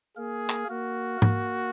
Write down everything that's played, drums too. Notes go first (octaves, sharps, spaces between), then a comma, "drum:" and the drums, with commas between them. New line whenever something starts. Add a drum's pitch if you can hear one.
A#3 G#4 A#4
drum: clap
A#3 F#4 A#4
A#3 A#4, drum: tom G#2